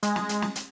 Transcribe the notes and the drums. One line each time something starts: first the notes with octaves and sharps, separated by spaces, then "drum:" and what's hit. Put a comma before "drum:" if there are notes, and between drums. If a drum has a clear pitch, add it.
G#3, drum: hi-hat
drum: snare
drum: hi-hat
drum: snare
drum: hi-hat